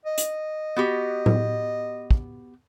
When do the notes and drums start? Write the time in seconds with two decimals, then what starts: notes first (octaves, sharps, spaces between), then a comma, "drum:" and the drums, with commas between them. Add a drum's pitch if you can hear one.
0.06 D#5
0.18 drum: hi-hat
0.76 B3 F#4 G4
1.26 drum: tom A2
2.11 drum: kick